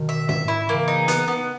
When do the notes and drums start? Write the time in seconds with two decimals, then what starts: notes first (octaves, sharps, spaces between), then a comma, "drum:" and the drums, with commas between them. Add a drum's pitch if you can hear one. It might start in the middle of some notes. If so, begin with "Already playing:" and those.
Already playing: B2 D#3
0.09 E5
0.29 E5, drum: tom
0.48 E4
0.68 C#3 E3 A#3
0.88 D#4
1.08 B3, drum: hi-hat
1.28 B3